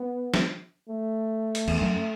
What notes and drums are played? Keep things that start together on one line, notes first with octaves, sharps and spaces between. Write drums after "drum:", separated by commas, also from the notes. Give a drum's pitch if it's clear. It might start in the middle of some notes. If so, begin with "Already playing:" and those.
Already playing: B3
drum: snare
A3
drum: hi-hat
E2, drum: cymbal
F#2